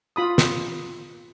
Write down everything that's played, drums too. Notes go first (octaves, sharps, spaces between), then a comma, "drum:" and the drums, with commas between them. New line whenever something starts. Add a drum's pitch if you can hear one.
F4 B5 D#6
drum: snare